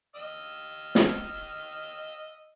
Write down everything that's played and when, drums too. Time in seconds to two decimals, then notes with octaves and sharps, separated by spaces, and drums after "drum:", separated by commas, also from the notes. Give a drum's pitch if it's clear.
0.16 D#5 E6 F6
0.95 drum: snare